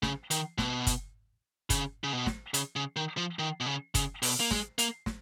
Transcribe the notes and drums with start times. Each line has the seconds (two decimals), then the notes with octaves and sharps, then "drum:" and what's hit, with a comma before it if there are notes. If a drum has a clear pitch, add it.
0.03 C#3, drum: snare
0.30 D#3, drum: hi-hat
0.58 B2, drum: snare
0.87 drum: kick, hi-hat
1.70 C#3, drum: kick, hi-hat
2.04 C#3
2.13 B2
2.26 drum: snare
2.54 C#3, drum: hi-hat
2.76 C#3
2.96 D#3
3.17 F3
3.39 D#3
3.60 B2
3.66 C#3
3.95 C#3, drum: kick, hi-hat
4.22 B2, drum: open hi-hat
4.40 A#3
4.51 G#3, drum: snare
4.78 A#3, drum: hi-hat
5.06 drum: snare